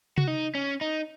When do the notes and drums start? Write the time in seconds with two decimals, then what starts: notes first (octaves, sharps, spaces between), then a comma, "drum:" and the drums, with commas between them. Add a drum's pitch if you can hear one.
0.18 F#4, drum: tom C3
0.27 D#4
0.55 C#4
0.81 D#4